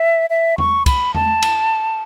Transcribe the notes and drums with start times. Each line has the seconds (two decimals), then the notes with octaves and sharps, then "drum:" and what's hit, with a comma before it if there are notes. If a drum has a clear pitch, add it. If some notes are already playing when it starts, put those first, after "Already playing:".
Already playing: E5
0.30 E5
0.58 C#6, drum: tom E2
0.86 B5, drum: kick, cymbal
1.14 A5, drum: tom E2
1.42 drum: cymbal